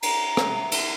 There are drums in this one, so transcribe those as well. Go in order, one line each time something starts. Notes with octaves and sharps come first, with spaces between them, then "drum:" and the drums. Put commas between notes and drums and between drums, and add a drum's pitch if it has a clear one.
A#5, drum: cymbal
drum: rim click
drum: cymbal